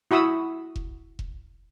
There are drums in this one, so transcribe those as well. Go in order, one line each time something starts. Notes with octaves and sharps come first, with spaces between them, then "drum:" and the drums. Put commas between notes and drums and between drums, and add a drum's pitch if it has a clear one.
E4 F#4 B5 D#6 E6
drum: kick F1
drum: kick F1